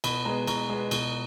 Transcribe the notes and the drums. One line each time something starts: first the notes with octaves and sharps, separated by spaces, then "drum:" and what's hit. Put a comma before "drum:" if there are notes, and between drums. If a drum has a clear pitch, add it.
B2 B5, drum: cymbal
G#3 B3 A#5
B2 A#5, drum: cymbal
G#3 B3
B2, drum: cymbal